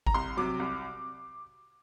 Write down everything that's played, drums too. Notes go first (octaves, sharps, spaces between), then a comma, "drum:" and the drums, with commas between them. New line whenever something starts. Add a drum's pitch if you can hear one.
A#5, drum: kick G#1
C2 C6
C3 F#3 D6
C2